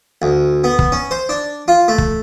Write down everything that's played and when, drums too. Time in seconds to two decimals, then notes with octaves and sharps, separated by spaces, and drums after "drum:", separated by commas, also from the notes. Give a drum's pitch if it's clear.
0.22 D2
0.64 B3
0.79 drum: kick
0.92 C#4
1.11 C5
1.29 D4
1.68 F4
1.88 A3
1.98 drum: kick